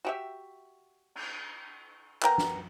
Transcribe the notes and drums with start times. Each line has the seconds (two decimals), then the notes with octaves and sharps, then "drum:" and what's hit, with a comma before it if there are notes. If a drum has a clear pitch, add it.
0.05 F#4 G4 E5
1.15 drum: cymbal
2.22 B3 A#4 G5 A#5, drum: clap
2.38 drum: snare